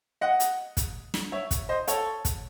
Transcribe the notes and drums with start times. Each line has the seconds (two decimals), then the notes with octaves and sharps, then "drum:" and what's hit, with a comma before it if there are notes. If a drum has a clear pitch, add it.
0.21 D#5 F#5
0.40 drum: hi-hat
0.77 drum: kick, hi-hat
1.14 drum: snare
1.32 C#5 E5
1.51 drum: kick, hi-hat
1.69 C5 D#5
1.88 A4 C#5, drum: hi-hat
2.25 drum: kick, hi-hat